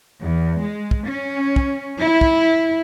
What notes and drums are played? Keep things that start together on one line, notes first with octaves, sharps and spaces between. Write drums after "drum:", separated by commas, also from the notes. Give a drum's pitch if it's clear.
E2
G#3
drum: kick
C#4
drum: kick
E4
drum: kick